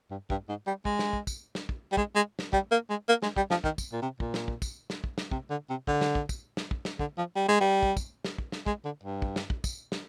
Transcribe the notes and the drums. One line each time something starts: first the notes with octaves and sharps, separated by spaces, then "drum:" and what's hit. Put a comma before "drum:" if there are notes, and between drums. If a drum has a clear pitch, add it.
G2
G2, drum: kick
G#2
G3
G#3, drum: kick
drum: snare
drum: kick
drum: kick, tambourine
drum: snare
drum: kick
G3
G#3, drum: kick
G#3
drum: snare
G3, drum: kick
A#3
G#3
A#3
G#3, drum: snare
G3, drum: kick
F3, drum: snare
D#3, drum: kick
drum: kick, tambourine
A#2
C3
A#2, drum: kick
drum: snare
drum: kick
drum: kick, tambourine
drum: snare
drum: kick
drum: snare
C3, drum: kick
D3
C3
D3, drum: kick
drum: snare
drum: kick
drum: kick, tambourine
drum: snare
drum: kick
drum: snare
D3, drum: kick
F3
G3
G#3
G3
drum: kick
drum: kick, tambourine
drum: snare
drum: kick
drum: snare
G#3, drum: kick
D3
G2
drum: kick
drum: snare
drum: kick
drum: kick, tambourine
drum: snare